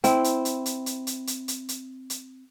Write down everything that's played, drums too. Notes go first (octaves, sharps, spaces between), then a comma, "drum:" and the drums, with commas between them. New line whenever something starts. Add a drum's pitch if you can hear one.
C4 E4, drum: hi-hat
drum: hi-hat
drum: hi-hat
drum: hi-hat
drum: hi-hat
drum: hi-hat
drum: hi-hat
drum: hi-hat
drum: hi-hat
drum: hi-hat